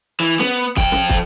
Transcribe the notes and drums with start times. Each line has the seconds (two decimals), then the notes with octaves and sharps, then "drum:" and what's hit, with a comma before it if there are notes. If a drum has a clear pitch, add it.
0.20 E3
0.39 B3, drum: snare C#4
0.57 drum: hi-hat
0.77 F2 G5, drum: kick, hi-hat
0.92 drum: snare C#4
1.10 drum: kick, hi-hat